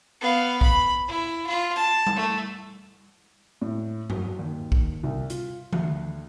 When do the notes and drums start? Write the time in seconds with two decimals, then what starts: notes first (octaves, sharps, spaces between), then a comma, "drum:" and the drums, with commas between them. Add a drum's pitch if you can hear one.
0.21 B3 F5
0.61 B5, drum: kick
1.08 E4
1.47 F4
1.76 A5
2.07 drum: tom G3
2.16 A3
3.61 A2
4.10 F#3, drum: tom G2
4.39 D#2
4.72 drum: kick
5.03 C2
5.30 F4, drum: hi-hat
5.73 D2, drum: tom D#3